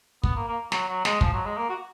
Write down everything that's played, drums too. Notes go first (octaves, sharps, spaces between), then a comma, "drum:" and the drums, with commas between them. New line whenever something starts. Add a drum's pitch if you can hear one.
B3, drum: kick
A#3
A#3
F#3, drum: snare
F#3
G#3, drum: snare
F3, drum: kick
F#3
G#3
A#3
F#4